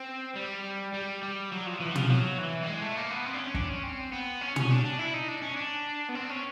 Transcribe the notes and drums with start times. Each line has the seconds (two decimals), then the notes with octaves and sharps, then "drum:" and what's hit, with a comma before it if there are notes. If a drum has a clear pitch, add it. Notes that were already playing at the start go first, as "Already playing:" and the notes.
Already playing: C4
0.36 G3
0.94 G3
1.22 G3
1.52 F#3
1.66 F3
1.80 E3
1.91 F#3
1.95 F3, drum: tom
2.10 F#3
2.38 E3
2.63 G3
2.67 G#3
2.82 A3
2.97 A#3
3.11 B3
3.26 C4
3.34 D4
3.39 C#4
3.54 D4, drum: kick
3.69 C#4
3.83 C4
4.12 B3
4.41 C#4
4.56 C#4, drum: tom
4.70 D4
4.85 D4
4.99 E4
5.14 D#4
5.28 D4
5.42 C#4
5.57 D4
6.09 B3
6.15 C4
6.29 C#4